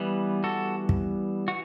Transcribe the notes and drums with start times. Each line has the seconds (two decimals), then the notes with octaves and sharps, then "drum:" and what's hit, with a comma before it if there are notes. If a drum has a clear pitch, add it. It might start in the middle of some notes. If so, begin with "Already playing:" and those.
Already playing: E3 G3 B3
0.44 F#4 A4
0.89 drum: kick
1.48 E3 F#4